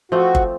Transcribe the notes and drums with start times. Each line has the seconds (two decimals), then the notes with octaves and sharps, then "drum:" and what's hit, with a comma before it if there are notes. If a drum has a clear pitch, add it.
0.12 F3 A3 C4 F#4
0.35 drum: kick G1